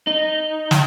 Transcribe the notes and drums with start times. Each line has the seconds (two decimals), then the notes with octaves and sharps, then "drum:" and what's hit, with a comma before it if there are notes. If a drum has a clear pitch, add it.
0.07 D#4
0.71 drum: snare